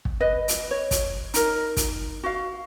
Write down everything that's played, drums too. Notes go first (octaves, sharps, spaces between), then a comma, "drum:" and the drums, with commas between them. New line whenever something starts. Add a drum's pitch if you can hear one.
drum: kick
B4 D#5
drum: hi-hat
C#5
drum: kick, hi-hat
D#4 A#4, drum: hi-hat
drum: kick, hi-hat
F#4 F5